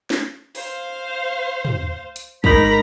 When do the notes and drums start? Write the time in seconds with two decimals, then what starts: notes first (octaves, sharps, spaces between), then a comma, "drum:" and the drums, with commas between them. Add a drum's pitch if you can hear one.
0.10 drum: snare
0.55 C5 F5, drum: open hi-hat
1.65 drum: tom
2.16 drum: hi-hat
2.44 G#2 D#4 A#4 A#5 B5 B6, drum: kick